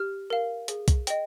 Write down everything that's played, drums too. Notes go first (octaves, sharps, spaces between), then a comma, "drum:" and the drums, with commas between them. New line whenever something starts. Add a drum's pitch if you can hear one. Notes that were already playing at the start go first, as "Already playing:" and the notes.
Already playing: G4 F6
A#4 F5
G#4, drum: hi-hat
drum: kick B1, hi-hat
D#5 G5, drum: hi-hat